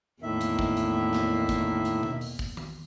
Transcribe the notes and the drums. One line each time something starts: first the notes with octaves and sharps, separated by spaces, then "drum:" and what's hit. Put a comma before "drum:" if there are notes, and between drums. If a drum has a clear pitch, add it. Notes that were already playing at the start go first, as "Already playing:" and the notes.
E2 A2 D#3 A#3 E5
drum: hi-hat
drum: kick
drum: hi-hat
drum: snare
drum: kick, hi-hat
drum: hi-hat
drum: tom B2
drum: open hi-hat
drum: kick
drum: tom D#3